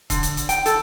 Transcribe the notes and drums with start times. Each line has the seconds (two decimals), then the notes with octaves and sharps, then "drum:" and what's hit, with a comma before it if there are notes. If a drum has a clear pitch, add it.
0.10 D3, drum: kick, hi-hat
0.23 drum: hi-hat
0.37 drum: hi-hat
0.49 G5, drum: hi-hat
0.66 A4, drum: hi-hat